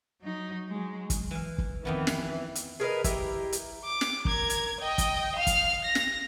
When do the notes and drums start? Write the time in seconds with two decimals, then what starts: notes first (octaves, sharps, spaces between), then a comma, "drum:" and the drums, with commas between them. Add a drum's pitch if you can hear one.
0.21 F#3 D#4
0.69 F#3 G#3
1.10 drum: kick, hi-hat
1.31 E3 F5
1.58 drum: kick
1.85 F2 D#3 E3 B3
2.07 drum: snare
2.55 drum: hi-hat
2.80 G#4 A#4 B4 D#5
3.04 E4 G4 A#4, drum: kick, hi-hat
3.53 drum: hi-hat
3.84 D6
4.01 drum: snare
4.25 A#4 G#6, drum: kick
4.50 drum: hi-hat
4.80 D#5 G5
4.98 drum: kick, hi-hat
5.35 F5 F6
5.47 drum: kick, hi-hat
5.84 A#6
5.95 drum: snare